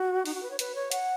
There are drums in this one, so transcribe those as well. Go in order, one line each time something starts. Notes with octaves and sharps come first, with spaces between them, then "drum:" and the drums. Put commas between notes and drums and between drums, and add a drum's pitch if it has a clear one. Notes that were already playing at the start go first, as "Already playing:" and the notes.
Already playing: F#4
D#4, drum: open hi-hat
F#4
B4
C#5
B4, drum: hi-hat
C#5
F#5, drum: hi-hat